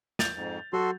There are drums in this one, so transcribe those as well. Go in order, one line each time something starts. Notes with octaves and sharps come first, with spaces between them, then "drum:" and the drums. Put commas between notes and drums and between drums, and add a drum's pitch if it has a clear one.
G6 A6 F7, drum: snare
F2 G#2
F#3 F#4 A4 C6